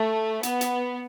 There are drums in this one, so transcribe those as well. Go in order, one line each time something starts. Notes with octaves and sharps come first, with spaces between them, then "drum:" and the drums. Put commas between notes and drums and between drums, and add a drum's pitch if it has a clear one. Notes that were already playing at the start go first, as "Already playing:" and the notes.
Already playing: A3
B3, drum: hi-hat
drum: hi-hat